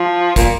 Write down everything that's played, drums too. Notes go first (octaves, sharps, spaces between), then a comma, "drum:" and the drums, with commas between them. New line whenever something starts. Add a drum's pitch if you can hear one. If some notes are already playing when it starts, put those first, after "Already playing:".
Already playing: F3
A#2, drum: kick, hi-hat